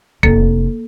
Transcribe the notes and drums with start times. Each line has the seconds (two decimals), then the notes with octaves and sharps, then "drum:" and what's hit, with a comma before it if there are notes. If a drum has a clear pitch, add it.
0.23 F1 A#3 A4, drum: kick D#1